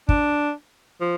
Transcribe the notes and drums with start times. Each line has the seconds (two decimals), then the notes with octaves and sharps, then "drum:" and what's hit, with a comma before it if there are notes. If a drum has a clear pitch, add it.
0.09 D4, drum: kick
1.01 F3